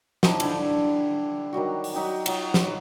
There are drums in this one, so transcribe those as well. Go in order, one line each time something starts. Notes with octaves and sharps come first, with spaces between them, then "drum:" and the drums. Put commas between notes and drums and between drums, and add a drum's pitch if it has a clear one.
F3 D#4 E4 G4, drum: snare
D3 G3 D4 E4, drum: cymbal
D#3 F#3 G3 F#4
drum: open hi-hat
F#3 D#4 G4 E5
F#3 F4 D#5, drum: cymbal
drum: snare